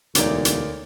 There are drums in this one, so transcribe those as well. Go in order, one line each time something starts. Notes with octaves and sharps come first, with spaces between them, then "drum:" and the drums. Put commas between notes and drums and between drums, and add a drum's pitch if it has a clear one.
E1 D2 A#3 D#4 C#5 D5 D6, drum: hi-hat
drum: hi-hat